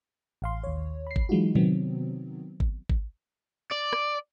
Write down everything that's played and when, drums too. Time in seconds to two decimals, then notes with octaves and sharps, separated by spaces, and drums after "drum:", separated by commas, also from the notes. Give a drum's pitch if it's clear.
0.42 A1 F5 C6
0.64 D#2 C#5
1.07 B5 C7
1.16 drum: kick
1.29 E3 F#3 G#3 D#4 F4 F#4
1.55 C3 D#3 F#3 B3 C4, drum: tom A2
2.60 drum: kick
2.89 drum: kick
3.72 D5
3.93 drum: rim click